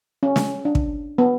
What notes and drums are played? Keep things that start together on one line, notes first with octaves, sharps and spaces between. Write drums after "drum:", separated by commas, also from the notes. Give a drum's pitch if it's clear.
C#4
drum: snare
D4
drum: kick
B3